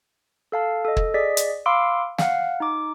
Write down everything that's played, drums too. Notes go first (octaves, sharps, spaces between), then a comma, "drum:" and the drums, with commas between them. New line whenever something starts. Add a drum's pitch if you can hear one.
A4 F5 A5
A4 D#5
drum: kick
G#4 D5 D#5 B6
drum: hi-hat
F5 B5 C6 D6 E6 D7
F5 F#5, drum: snare
D#4 D6